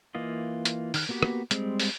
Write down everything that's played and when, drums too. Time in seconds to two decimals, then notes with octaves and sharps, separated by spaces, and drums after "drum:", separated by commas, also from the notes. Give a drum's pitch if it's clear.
0.15 E3 A#3 F4 D#5
0.65 drum: hi-hat
0.94 D#3 F6 F#6, drum: open hi-hat
1.09 A#3 B3 F#4 G4 B4
1.22 drum: rim click
1.51 G3 G#3 C4, drum: hi-hat
1.80 drum: open hi-hat